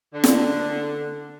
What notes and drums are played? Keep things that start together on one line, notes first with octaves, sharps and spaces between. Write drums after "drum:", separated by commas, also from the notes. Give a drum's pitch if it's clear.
D3
drum: snare